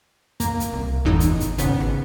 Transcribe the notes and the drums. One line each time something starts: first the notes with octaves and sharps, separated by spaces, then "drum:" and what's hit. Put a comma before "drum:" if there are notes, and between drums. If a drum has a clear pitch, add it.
A#3, drum: kick, hi-hat
drum: hi-hat
C2
G1 E2 A2 D#4
drum: kick, hi-hat
drum: hi-hat
G#1 C#3 B3, drum: hi-hat
drum: rim click